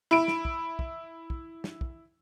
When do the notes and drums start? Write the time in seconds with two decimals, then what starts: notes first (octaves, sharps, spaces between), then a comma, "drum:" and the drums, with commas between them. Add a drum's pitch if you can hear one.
0.11 E4 D7
0.28 drum: snare
0.45 drum: kick
0.79 drum: kick
1.30 drum: kick
1.64 drum: snare
1.81 drum: kick